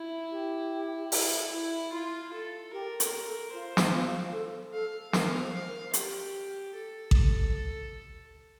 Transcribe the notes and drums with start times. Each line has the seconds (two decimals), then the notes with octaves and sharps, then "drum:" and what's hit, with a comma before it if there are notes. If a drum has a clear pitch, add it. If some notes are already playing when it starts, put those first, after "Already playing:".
Already playing: E4
0.31 G4
1.12 E4, drum: open hi-hat
1.52 E4
1.92 F4
2.33 A4
2.73 G4 A#4
3.00 A4, drum: hi-hat
3.26 A4
3.52 F4 C5
3.77 drum: snare
3.93 F4
4.32 A4
4.73 A4 F5
5.13 A#4 F5, drum: snare
5.41 C5
5.54 F5
5.67 A#4
5.93 G4, drum: hi-hat
6.74 A4
7.11 drum: kick A1